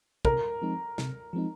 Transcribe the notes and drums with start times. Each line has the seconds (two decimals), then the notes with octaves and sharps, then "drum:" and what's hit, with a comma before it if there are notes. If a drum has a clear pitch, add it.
0.25 C3 A#4, drum: kick
0.62 F3 G#3 C4 D#4
0.98 C3, drum: snare
1.33 F3 G#3 C4 D#4